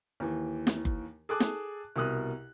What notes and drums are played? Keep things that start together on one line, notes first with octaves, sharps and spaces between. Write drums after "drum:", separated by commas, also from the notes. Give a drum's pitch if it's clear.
D#2 E3
drum: snare
drum: kick F#1
G#4 A4 D6 F#6
drum: snare
C2 B2 A#4 D#6 F#6